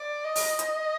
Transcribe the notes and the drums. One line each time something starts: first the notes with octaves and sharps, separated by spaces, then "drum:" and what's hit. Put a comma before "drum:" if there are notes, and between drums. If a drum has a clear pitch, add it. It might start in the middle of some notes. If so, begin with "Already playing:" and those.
Already playing: D5
D#5
drum: open hi-hat
drum: hi-hat